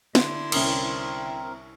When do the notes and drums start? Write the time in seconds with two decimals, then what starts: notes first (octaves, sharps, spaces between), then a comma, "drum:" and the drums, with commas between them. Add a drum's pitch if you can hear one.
0.15 D3 E4 C6, drum: snare
0.52 C2 C4 C#4 A#4 D#6, drum: cymbal